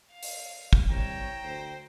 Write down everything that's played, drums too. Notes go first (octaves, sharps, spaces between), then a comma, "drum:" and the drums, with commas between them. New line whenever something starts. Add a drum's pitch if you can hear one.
F5
drum: open hi-hat
drum: kick
C2 C#5 G5 A#5 E6
D2 C5